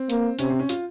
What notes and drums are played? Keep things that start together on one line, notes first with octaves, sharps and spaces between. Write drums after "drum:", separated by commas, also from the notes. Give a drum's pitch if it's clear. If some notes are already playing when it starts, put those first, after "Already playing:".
Already playing: C4
A#3, drum: hi-hat
C3 C#4, drum: hi-hat
C4
C#4
F4, drum: hi-hat